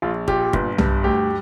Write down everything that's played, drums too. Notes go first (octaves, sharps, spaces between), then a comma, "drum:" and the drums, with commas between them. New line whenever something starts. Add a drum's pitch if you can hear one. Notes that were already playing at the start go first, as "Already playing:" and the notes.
A#1 F4
A#2 G4, drum: kick
G1, drum: kick
G2, drum: tom B1
D2 G4